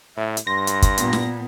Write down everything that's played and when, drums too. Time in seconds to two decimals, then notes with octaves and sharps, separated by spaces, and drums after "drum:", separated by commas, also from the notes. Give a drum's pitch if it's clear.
0.17 A2 E5
0.37 drum: hi-hat
0.47 G2 C6 A#6
0.67 drum: hi-hat
0.82 drum: kick, hi-hat
0.98 A#2 B3, drum: hi-hat
1.13 drum: snare